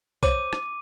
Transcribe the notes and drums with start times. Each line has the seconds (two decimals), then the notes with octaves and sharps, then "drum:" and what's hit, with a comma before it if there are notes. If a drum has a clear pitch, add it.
0.23 C5 C#5 D6 D#7, drum: kick B1, tambourine
0.53 drum: rim click